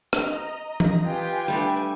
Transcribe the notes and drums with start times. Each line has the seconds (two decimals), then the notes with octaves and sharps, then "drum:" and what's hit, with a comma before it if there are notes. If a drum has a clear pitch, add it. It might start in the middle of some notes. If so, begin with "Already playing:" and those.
0.13 D#5 A#5, drum: rim click
0.80 drum: tom
1.05 F4 G4 B4 G5 G#5
1.48 G3 A3 D4